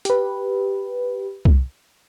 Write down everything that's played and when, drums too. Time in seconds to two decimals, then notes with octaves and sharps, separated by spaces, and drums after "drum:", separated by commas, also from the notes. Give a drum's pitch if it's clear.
0.05 G4 B4, drum: hi-hat
1.45 drum: kick C2